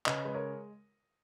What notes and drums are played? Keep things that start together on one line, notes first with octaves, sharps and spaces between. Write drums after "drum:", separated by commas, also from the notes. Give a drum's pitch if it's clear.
C#3 B4 D#5, drum: clap
G#3 B4
A#4 C#5